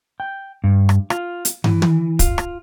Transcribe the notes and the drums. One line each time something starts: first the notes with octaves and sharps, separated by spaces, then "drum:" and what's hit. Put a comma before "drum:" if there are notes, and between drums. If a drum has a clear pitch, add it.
G5
G2
drum: rim click
F4, drum: rim click
drum: hi-hat
E3, drum: tom
drum: tom
F4, drum: kick, hi-hat
drum: rim click